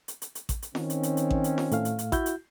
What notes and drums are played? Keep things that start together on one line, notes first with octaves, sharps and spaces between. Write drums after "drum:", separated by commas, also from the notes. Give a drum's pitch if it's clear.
drum: hi-hat
drum: hi-hat
drum: hi-hat
drum: kick A1, hi-hat
drum: hi-hat
D#3 C4 C#4, drum: snare F4
drum: hi-hat
drum: hi-hat
drum: hi-hat
drum: kick A1
drum: hi-hat
drum: snare F4
A2 A3 F5, drum: hi-hat
drum: hi-hat
drum: hi-hat
E4 F#4 G6, drum: kick A1, hi-hat
drum: hi-hat